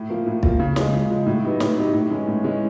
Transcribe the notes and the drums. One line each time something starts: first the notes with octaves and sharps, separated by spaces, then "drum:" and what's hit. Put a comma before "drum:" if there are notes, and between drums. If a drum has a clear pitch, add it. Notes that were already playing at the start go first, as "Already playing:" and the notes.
Already playing: A2
F3 A#3
A2
F3 A#3, drum: kick
C#3
F3 G#3, drum: snare
C#3
F3 G#3
A2
F#3 B3 D#4 G4
A2, drum: snare
F#3 B3 D#4 G4
A2
E3 G#3 C#4
A2
E3 G#3 C#4